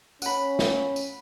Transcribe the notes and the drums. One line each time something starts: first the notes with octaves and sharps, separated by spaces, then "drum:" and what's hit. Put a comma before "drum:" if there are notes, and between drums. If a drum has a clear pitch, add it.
C#4 F#5 B5, drum: tambourine
drum: snare
drum: tambourine